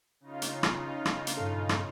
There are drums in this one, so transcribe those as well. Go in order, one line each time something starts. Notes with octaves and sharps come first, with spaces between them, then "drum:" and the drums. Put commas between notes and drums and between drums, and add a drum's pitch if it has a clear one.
C#3 D#4 F4
drum: hi-hat
drum: rim click
drum: rim click
drum: hi-hat
G2 A#2 A4
drum: rim click